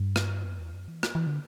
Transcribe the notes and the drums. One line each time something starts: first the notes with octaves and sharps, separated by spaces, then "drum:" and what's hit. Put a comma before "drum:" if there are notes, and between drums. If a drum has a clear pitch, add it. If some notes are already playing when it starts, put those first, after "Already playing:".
Already playing: G2
drum: rim click
F#2
E2
F#2
E3
drum: rim click
E3
D3